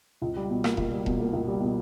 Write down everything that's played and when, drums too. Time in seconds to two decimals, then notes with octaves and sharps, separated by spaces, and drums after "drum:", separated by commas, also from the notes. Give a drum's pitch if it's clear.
0.22 C#2
0.36 G3
0.50 B2
0.64 A#3, drum: rim click
0.77 C#2, drum: kick E1
0.92 G3
1.06 B2, drum: kick E1
1.20 A#3
1.33 C#2
1.48 G3
1.62 B2